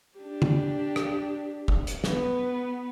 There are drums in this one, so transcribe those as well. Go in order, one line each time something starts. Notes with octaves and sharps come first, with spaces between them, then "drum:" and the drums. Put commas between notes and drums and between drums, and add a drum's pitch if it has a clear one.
D4 G4
drum: tom C#3
drum: rim click
drum: kick
drum: hi-hat
B3 B4, drum: snare